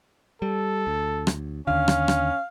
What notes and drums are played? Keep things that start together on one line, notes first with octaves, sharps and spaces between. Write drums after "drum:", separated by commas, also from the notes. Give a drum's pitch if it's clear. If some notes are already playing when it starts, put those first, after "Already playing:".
G3 A4
D2
drum: rim click
D#2 D3 C#4 F5
drum: rim click
drum: rim click